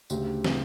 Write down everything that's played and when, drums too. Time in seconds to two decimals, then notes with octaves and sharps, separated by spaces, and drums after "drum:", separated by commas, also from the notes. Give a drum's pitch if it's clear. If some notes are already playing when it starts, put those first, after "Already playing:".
0.10 D2 C#3 G3 G4, drum: tambourine
0.45 C#3 G3, drum: snare